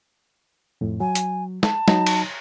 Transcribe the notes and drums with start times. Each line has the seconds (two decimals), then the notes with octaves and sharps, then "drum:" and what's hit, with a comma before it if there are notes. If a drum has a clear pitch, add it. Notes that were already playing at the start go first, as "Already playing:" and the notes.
0.81 F2 A2
1.00 F#3 G#5
1.15 drum: hi-hat
1.63 A5, drum: snare
1.88 F#3 D#4 A#5, drum: snare
2.06 drum: cymbal